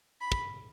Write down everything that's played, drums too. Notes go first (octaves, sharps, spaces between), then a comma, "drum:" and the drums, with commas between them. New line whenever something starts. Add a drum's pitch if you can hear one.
B5
drum: kick